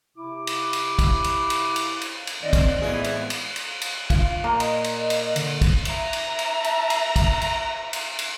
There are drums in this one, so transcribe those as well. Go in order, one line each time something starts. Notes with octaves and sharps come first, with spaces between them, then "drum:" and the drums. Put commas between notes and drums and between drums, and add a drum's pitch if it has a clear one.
C3 E4 D6
drum: cymbal
drum: cymbal
drum: kick, cymbal
drum: cymbal
drum: cymbal
drum: cymbal
drum: cymbal
drum: cymbal
D#3 C4 D5 D#5
drum: kick, cymbal
F2 A2 E3 G#3 B3 G#4
drum: cymbal
drum: cymbal
drum: cymbal
drum: cymbal
F4, drum: kick, cymbal
A#2 A#3
D#5, drum: cymbal
drum: cymbal
drum: cymbal
D3, drum: cymbal
drum: kick, cymbal
E5 A#5, drum: cymbal
drum: cymbal
drum: cymbal
drum: cymbal
drum: cymbal
drum: kick, cymbal
drum: cymbal
drum: cymbal
drum: cymbal